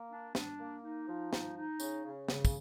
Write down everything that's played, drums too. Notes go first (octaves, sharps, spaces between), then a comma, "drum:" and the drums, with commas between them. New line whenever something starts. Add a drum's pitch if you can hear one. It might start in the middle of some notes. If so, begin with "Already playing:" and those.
Already playing: A#3
D4
D4, drum: snare
A#3
D#4
F3
D#4, drum: snare
D#4
C#3, drum: tambourine
C#3
C#3, drum: snare
drum: kick, tambourine